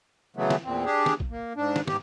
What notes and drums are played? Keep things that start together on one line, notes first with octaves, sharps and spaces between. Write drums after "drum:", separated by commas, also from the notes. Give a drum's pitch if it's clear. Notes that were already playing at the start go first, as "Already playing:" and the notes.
C#3 E3 F#3 A3 B3
drum: snare
E2 A#2 C4
D4 G4 G#4
drum: snare
drum: kick A#1
A#3
G#2 D4
drum: snare
G#2 G4, drum: snare